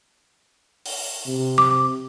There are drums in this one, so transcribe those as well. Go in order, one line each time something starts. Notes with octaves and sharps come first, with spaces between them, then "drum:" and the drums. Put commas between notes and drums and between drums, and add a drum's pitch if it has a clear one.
drum: open hi-hat
C3
D6